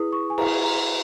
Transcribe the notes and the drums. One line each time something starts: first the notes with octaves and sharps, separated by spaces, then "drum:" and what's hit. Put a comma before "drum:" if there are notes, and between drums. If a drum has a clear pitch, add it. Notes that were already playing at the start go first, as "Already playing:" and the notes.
Already playing: E4 G#4 B4 D#6
C#6
G#5
E4 G#4 B4 A#5, drum: cymbal
A#5